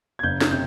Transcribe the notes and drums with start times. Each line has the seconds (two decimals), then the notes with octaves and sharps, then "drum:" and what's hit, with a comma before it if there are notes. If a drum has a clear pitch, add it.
0.19 G#6
0.23 F#1 G6
0.41 drum: snare
0.51 C3 G6